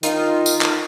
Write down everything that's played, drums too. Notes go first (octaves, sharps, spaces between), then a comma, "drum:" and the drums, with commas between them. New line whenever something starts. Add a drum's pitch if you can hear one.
D#3 D#4 F4, drum: hi-hat
drum: tambourine
drum: clap